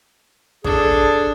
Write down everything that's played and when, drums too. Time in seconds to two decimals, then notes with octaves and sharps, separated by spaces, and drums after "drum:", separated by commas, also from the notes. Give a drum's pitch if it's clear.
0.64 D4 G#4 A4, drum: kick